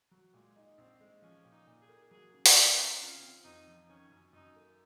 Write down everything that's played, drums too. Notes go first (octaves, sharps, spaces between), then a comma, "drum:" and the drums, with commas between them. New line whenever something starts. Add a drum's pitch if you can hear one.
F#3
A#2 G#3
D#4
A#1 C4
G#3
F3 C#4
A#2
D#4
A#2
G#4
A#3
F#3 G#4
C#3
drum: open hi-hat
C#3
C4
C#3 F4
C4
F2 D#4
F3
D#3 C#4
F#2
F#2 D#4
A#3